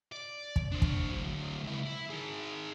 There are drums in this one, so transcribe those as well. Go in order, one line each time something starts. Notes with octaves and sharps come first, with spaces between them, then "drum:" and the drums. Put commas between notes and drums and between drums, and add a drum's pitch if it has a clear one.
D5
drum: kick
D4 C5
drum: kick
D2 F#3
C#2 E4
E4
D#3 G#4